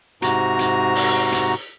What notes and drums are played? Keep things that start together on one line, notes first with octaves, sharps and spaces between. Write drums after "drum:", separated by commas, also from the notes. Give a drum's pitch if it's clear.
G#2 C3 F#4 A#5, drum: hi-hat
drum: hi-hat
drum: open hi-hat
drum: hi-hat